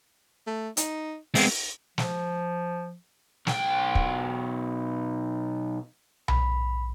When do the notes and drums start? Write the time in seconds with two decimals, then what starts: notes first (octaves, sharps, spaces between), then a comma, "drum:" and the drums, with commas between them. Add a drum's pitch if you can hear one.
0.47 A3
0.77 D#4, drum: hi-hat
1.35 G#3 B3 C4, drum: open hi-hat
1.98 F3, drum: snare
3.47 B1 G5, drum: snare
3.95 drum: kick
6.28 B5, drum: tom B1